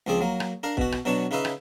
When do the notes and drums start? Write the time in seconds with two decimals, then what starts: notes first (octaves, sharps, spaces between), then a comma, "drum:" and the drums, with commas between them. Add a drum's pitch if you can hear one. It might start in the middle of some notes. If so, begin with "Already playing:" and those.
0.07 C#2 F3 C4 G#4 D5
0.21 F#3 A#3
0.40 drum: rim click
0.63 D4 A#4 F5
0.77 B2 F#4, drum: kick
0.92 drum: rim click
1.05 B2 F#3 D4 C#5 A5 C#6
1.31 C#3 C#4 D#4 B4 E5 F5
1.45 drum: rim click